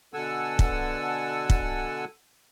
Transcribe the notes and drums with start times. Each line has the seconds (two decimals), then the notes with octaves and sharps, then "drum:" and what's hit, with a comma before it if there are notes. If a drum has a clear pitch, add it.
0.14 B2 D3 A4 F#5 G#5 E6
0.59 drum: kick
1.50 drum: kick